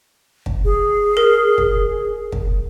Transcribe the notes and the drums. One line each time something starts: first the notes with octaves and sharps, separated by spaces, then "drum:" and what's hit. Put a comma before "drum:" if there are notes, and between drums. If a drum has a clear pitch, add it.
drum: kick
G#4
A#4
drum: kick
drum: kick